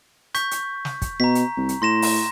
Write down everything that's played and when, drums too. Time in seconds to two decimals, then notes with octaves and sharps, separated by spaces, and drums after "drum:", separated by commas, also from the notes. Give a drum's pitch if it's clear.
0.35 C#6 G6 B6, drum: hi-hat
0.51 drum: hi-hat
0.85 drum: snare
1.02 drum: kick, hi-hat
1.20 B2 A#5 B6
1.35 drum: hi-hat
1.57 C2
1.69 drum: hi-hat
1.82 A2 C6 A#6 E7
2.02 drum: open hi-hat